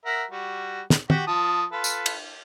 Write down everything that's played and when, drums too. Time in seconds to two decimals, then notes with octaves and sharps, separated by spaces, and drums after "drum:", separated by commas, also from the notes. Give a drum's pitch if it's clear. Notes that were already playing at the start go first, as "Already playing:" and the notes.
0.05 A#4 E5 F#5
0.31 G3 F#4
0.90 drum: snare
1.10 F#4 G4 F#5, drum: tom
1.27 F3 A5 D#6
1.72 F4 A4 B4
1.84 drum: tambourine
2.06 drum: cymbal